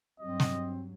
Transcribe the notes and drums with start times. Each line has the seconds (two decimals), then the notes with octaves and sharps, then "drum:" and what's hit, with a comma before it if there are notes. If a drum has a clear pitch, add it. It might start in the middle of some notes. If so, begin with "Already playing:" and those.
0.20 G2 F#3 C4 D#5
0.40 drum: snare